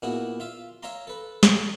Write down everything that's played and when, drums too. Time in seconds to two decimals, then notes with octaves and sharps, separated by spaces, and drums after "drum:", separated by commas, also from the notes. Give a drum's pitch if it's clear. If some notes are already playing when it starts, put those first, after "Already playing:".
0.02 A#2 B3 E4 F#4 G#4
0.40 F4 E5 F5
0.83 C#5 E5 F5 G#5 A#5 C6
1.07 A4 B4
1.43 drum: snare